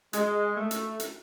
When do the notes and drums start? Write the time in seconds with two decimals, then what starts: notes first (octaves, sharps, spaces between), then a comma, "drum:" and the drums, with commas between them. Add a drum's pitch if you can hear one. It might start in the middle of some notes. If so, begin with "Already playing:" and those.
0.13 G#3, drum: hi-hat
0.56 A3
0.71 drum: hi-hat
1.00 drum: hi-hat